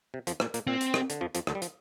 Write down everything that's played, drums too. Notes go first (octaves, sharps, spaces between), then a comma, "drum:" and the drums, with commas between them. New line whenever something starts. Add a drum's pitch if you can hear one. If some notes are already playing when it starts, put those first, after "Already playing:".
C3
F2 F3, drum: hi-hat
A#2 A#3, drum: rim click
A#2 A#3, drum: hi-hat
A#2 C4
drum: hi-hat
C3, drum: rim click
D3, drum: hi-hat
F2 F3
F2 F3, drum: hi-hat
D2 D3, drum: rim click
G3
F3, drum: hi-hat